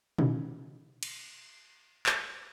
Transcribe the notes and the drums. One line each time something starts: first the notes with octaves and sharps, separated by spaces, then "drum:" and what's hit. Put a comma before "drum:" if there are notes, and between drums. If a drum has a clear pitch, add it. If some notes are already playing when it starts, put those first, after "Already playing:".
B2 D#3 C#4 D#4 E4, drum: tom
drum: cymbal
drum: clap